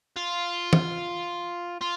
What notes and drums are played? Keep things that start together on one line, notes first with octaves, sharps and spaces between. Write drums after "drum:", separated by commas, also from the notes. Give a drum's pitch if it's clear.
F4
drum: tom
F4